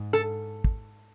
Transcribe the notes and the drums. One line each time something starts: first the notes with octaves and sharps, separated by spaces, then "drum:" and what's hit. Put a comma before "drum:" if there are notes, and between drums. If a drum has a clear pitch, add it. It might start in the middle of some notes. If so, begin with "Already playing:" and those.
Already playing: G#2
A4
drum: kick